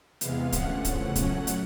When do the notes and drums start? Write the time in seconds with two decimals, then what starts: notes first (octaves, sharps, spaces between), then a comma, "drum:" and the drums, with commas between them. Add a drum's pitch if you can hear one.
0.21 E2 C3 E3 G#3 B3 F5, drum: hi-hat
0.52 D3 F3 A3 C#4 F#5, drum: kick, hi-hat
0.85 E2 C#3 F3 A3, drum: kick, hi-hat
1.16 A#2 F#3 A3 C#4, drum: kick, hi-hat
1.47 drum: hi-hat